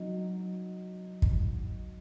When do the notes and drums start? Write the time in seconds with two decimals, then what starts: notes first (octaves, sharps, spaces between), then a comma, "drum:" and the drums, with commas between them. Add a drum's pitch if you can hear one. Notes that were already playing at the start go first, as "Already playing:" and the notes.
Already playing: F#3 D#4
1.22 drum: kick